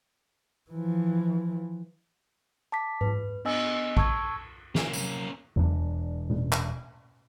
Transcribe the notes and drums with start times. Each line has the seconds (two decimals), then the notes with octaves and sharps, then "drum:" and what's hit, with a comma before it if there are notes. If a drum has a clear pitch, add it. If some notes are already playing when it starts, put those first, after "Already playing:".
0.71 E3 F3
2.72 A5 D6 B6
3.01 B4, drum: tom G#2
3.45 B3 D4 D#5 G#5 E6, drum: cymbal
3.97 A5 C#6 E6 G#6, drum: kick A1
4.75 A#3 C#4 F4 F#4 E6, drum: snare
4.93 C3 F#3 G3, drum: tambourine
5.56 E1 D4, drum: tom E2
6.30 drum: tom B2
6.52 drum: clap